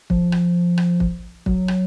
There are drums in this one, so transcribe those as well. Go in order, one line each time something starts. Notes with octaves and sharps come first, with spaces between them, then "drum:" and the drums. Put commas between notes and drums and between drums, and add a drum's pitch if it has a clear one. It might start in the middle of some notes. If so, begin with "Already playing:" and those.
F3, drum: kick
drum: rim click
drum: rim click
drum: kick
F#3, drum: kick
drum: rim click